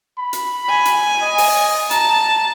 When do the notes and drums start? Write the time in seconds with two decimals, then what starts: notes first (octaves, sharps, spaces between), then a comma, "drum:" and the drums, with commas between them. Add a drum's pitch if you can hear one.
0.18 B5
0.33 drum: hi-hat
0.70 G#5
0.85 drum: hi-hat
1.22 D#5
1.38 drum: open hi-hat
1.91 A5 A#5, drum: hi-hat